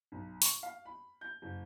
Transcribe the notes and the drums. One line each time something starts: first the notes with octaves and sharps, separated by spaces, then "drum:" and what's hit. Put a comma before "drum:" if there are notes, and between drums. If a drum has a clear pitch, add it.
B1
C#6, drum: open hi-hat
F5
B5
G6
F#1